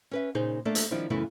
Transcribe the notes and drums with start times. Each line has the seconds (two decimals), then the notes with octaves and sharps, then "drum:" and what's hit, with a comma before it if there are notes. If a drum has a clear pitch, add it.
0.11 C#4 B4 E5
0.35 A#2 C#3 A#3 D#4 G#4 C5
0.65 A3 A#3 D4 A4 D5
0.75 drum: hi-hat
0.91 D#3 F3 G3 C4 D4 E4
1.10 F#2 C#3 E3 A3 B3 E4